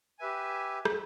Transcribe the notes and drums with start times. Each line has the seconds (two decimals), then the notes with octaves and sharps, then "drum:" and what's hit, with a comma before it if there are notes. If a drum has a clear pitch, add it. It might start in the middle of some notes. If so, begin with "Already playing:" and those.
0.19 G4 B4 E5 G#5
0.85 drum: rim click